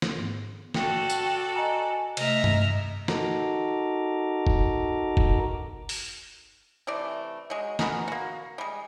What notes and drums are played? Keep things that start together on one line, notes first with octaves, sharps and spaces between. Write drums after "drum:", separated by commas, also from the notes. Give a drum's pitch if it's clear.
drum: snare
G#2 B3
F#4 A4 D5 G5, drum: snare
drum: tambourine
D#5 G#5 A#5
C3 A3 D#5 E5 A#5 F6, drum: cymbal
drum: tom G2
D#4 F#4 A4 A#4 A#5 D6, drum: snare
drum: kick F1
drum: kick F1
drum: open hi-hat
C3 E3 A3 D5
F#3 G#3
B3 F#4 G#4 A#4, drum: snare
A#3 F#4
G3 G#3